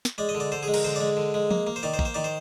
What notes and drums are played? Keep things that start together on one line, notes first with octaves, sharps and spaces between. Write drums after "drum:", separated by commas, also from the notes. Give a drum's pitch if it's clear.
drum: snare
G#3 D5
D#5
D3
D5
D3 C5
G#4
G#3
A#4, drum: cymbal
D3 C5
G#3 D5
D3
G#3
A#3, drum: tom F3
A#3
C5
D#3 D5
C5
A#3, drum: kick A#1
C5
D#3 D5
C5